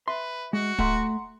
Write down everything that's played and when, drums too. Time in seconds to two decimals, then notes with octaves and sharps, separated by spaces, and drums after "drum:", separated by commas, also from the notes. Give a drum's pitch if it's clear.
0.08 B4 E5 C6
0.53 G#3 F#4
0.79 A3 E5 F#5 A#5 C6, drum: kick